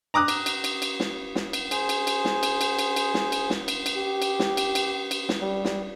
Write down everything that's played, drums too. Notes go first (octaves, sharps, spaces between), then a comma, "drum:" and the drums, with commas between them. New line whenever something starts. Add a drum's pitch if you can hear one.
A#5 D6 D#6 F#6
drum: cymbal
drum: cymbal
drum: cymbal
drum: cymbal
drum: snare
drum: snare
drum: cymbal
G#4 C5, drum: cymbal
drum: cymbal
drum: cymbal
drum: snare
drum: cymbal
drum: cymbal
drum: cymbal
drum: cymbal
drum: snare
drum: cymbal
drum: snare
drum: cymbal
drum: cymbal
G4
drum: cymbal
drum: snare
drum: cymbal
drum: cymbal
drum: cymbal
drum: snare
G3
drum: snare